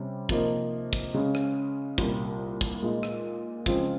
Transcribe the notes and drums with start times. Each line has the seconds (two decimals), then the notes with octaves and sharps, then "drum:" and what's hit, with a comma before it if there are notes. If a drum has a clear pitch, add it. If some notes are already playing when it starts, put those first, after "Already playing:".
Already playing: C3 G3 C#4
0.29 C3 F3 A#3 D#4, drum: kick
0.93 drum: kick
1.14 C#3 G#3 C#4
1.35 drum: rim click
1.98 C2 A#2 G3, drum: kick
2.61 drum: kick
2.82 A#2 G#3 D#4
3.03 drum: rim click
3.66 C#3 F3 G#3 C4 F4, drum: kick